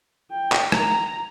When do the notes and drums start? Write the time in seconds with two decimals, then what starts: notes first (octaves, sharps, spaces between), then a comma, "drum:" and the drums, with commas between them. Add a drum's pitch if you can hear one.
0.31 G5
0.52 drum: clap
0.72 A#5, drum: rim click